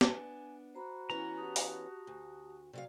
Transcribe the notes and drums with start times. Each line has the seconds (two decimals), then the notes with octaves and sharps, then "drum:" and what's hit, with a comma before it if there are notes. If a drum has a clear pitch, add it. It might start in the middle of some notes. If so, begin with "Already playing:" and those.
0.01 B3 D4 G#5, drum: snare
0.75 F#4 C5 A#5 B5
1.10 E3 B3 C#4 E4 A#5
1.38 G4 A5 D#6
1.56 drum: open hi-hat
2.07 D2
2.73 C3 F#3 D5 F5